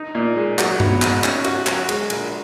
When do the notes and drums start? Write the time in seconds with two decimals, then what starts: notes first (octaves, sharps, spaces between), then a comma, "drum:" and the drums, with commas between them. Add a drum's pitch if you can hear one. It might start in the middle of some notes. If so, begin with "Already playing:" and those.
Already playing: D#4
0.15 A#2
0.36 G#3
0.59 F#3, drum: clap
0.80 B3, drum: tom G2
1.02 G#2, drum: clap
1.24 C#4, drum: clap
1.44 F#4, drum: cymbal
1.67 F#3, drum: clap
1.89 G#3, drum: cymbal
2.10 A#1, drum: cymbal